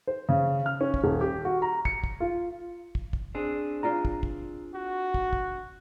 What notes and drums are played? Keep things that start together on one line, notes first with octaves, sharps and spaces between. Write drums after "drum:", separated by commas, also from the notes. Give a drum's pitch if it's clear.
C5
C#3
F6
C#4
drum: kick
D#1
G4
F#4
A#5
C#7, drum: kick
drum: kick
F4
drum: kick
drum: kick
C4 D4 G#4
F4 D5 A#5
drum: kick
drum: kick
F#4
drum: kick
drum: kick